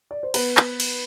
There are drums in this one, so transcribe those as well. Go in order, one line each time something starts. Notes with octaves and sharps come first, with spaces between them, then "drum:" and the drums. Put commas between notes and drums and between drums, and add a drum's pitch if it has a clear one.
D5
C5
B3 B4, drum: cymbal
drum: clap
drum: cymbal